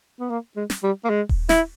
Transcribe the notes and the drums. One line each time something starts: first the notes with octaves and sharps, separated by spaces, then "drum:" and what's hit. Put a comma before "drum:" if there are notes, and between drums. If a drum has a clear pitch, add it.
B3
A#3
G#3
drum: snare
G3
A#3
G#3
drum: kick D#1
E4, drum: snare